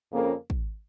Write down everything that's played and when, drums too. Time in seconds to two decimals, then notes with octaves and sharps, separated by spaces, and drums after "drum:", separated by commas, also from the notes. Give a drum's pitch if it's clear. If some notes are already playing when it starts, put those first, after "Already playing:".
0.12 F2 C#3 A#3
0.50 drum: kick